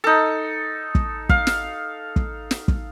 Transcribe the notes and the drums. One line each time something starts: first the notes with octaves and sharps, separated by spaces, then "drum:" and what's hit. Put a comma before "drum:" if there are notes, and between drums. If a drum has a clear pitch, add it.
D#4 A4
drum: kick
F5, drum: kick
drum: snare
drum: kick
drum: snare
drum: kick